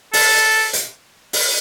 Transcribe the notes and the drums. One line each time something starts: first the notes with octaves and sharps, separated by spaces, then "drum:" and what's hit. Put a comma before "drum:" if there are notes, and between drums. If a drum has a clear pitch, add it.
A4, drum: open hi-hat
drum: hi-hat
drum: open hi-hat